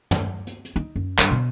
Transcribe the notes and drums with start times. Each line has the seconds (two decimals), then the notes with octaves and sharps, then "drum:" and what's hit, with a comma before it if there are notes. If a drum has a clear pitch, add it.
0.11 drum: tom
0.47 drum: hi-hat
0.65 drum: hi-hat
0.76 D#4
0.96 F#2
1.18 G2, drum: clap
1.31 B2